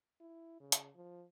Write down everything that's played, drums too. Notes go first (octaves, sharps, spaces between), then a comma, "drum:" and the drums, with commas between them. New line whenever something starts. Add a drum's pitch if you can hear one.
E4
C#3
drum: hi-hat
F3